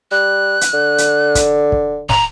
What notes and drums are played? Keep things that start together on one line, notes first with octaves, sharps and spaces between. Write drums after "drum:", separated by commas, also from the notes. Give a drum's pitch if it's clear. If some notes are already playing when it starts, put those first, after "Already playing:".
G3 F#6
drum: hi-hat
D3
drum: hi-hat
drum: kick, hi-hat
drum: kick
A#5, drum: snare